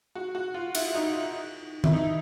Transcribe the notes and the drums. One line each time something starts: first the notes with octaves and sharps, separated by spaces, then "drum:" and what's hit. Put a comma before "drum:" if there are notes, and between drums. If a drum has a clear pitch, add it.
F#4
F#4
F4
E4, drum: cymbal
D#4
E4, drum: tom D#3
D#4